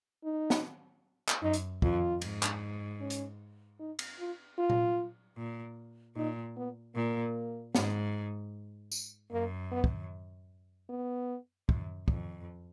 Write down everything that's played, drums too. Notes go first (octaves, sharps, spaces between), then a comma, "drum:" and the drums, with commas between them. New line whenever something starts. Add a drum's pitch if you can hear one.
D#4
drum: snare
drum: clap
F#2 D#4
drum: hi-hat
F2 F4, drum: kick
G#2, drum: cymbal
drum: clap
C#4
drum: hi-hat
D#4
drum: cymbal
F4
F4
drum: tom A#2
A#2
A#2 D#4
B3
A#2 A#3
G#2, drum: snare
drum: tambourine
F#2 A#3
B3
drum: kick
B3
F#2, drum: kick
F2, drum: kick